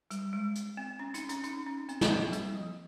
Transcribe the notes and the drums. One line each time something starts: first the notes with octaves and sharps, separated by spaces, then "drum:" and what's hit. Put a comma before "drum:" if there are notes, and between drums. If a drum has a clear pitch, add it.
G3, drum: hi-hat
G#3
drum: hi-hat
C4
C#4
D#4, drum: hi-hat
C#4, drum: hi-hat
D#4, drum: hi-hat
C#4
C4, drum: hi-hat
C4, drum: snare
A#3
G3, drum: hi-hat
F3